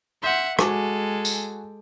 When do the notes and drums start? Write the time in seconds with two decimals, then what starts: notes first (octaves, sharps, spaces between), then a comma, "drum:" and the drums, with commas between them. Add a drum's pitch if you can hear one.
0.23 E5 F#5 C6 G6
0.59 G#3 F#4 A4 G#5 D6, drum: rim click
1.25 drum: tambourine